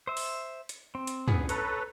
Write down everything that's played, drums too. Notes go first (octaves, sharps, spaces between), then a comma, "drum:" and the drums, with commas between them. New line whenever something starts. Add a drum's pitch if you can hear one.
C5 E5
drum: open hi-hat
drum: hi-hat
C4
drum: hi-hat
B3 G#4, drum: tom
A4 B4 C#5 A#5, drum: hi-hat